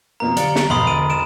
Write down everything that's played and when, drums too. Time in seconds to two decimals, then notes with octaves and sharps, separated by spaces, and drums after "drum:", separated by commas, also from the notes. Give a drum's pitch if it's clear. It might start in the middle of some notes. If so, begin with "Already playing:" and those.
0.20 F2 B2 A#3 A#5
0.37 D3 F#3 G4 D5 F5, drum: hi-hat
0.55 drum: snare
0.70 E1 B1 G2 B2 F3 B5 C6 D#6
0.87 D3 D#7
1.10 D7 E7